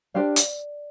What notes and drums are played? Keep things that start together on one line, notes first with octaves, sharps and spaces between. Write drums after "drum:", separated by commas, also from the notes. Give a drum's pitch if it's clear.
D4 G4 C5 D5 F5
drum: hi-hat